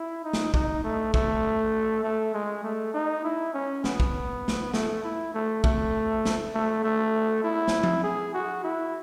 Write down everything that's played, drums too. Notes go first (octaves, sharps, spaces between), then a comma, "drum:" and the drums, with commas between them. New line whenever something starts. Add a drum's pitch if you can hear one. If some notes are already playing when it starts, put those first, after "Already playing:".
Already playing: E4
D#4
drum: snare
D#4, drum: kick
A3
A3, drum: kick
A3
G#3
A3
D#4
E4
C#4
B3, drum: snare
drum: kick
drum: snare
A3, drum: snare
E4
A3
A3, drum: kick
drum: snare
A3
A3
E4
drum: snare
drum: tom F3
G#4
F#4
E4